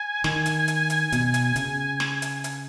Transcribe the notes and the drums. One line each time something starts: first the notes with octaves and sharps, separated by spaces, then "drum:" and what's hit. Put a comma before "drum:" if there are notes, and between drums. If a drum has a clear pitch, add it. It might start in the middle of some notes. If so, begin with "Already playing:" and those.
Already playing: G#5
D#3, drum: snare
drum: hi-hat
drum: hi-hat
drum: hi-hat
B2, drum: hi-hat
drum: hi-hat
C#3, drum: hi-hat
drum: snare
drum: hi-hat
drum: hi-hat